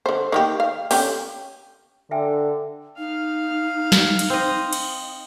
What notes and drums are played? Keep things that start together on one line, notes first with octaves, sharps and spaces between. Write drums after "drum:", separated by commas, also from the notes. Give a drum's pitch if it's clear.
D3 C5
D#3 A#3 G4
F5
D3 C#4 G4, drum: open hi-hat
D3 E5 G5 G#5
D#4 F5
drum: snare
drum: cymbal
C4 D#5
drum: cymbal